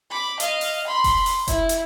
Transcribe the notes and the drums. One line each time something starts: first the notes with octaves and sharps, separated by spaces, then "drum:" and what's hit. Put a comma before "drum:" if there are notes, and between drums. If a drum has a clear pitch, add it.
B5 D6
D#5 F5, drum: hi-hat
drum: open hi-hat
B5 C6
drum: kick F1, open hi-hat
drum: open hi-hat
E4, drum: kick F1, hi-hat
drum: hi-hat